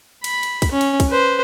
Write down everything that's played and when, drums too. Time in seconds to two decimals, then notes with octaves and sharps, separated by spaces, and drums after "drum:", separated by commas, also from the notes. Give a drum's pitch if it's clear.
0.24 B5, drum: cymbal
0.43 drum: cymbal
0.62 drum: kick, cymbal
0.72 C#4
0.81 drum: cymbal
1.00 drum: kick, cymbal
1.10 B4 C5